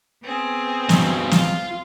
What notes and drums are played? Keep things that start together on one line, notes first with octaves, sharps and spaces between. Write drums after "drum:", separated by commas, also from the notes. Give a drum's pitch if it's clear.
B3 C4 G#4
G2 B2, drum: snare
F4, drum: snare